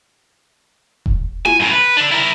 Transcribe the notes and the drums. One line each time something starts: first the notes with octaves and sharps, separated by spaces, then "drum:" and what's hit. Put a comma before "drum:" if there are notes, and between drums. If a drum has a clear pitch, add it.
drum: kick E1
G#5, drum: tom E4
F#2 A2
B4
D3 D4
E4 A#4